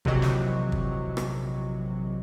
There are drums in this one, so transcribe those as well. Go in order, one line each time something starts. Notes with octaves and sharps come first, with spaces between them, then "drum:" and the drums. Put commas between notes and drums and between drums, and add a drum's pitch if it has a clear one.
A#1 C3 E3 F#3 D#5 C#6, drum: kick
drum: snare
drum: kick
drum: rim click